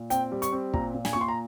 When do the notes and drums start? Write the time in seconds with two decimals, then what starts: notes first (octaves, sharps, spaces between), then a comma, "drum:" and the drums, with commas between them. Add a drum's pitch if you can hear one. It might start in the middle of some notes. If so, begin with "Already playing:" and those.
Already playing: A#2
0.10 C4 G5, drum: hi-hat
0.32 G3
0.42 C#6, drum: hi-hat
0.52 C4
0.74 A#2 A#5, drum: kick
0.94 A#2
1.05 G#5, drum: snare
1.13 A#2 C#6
1.21 C6
1.28 A#5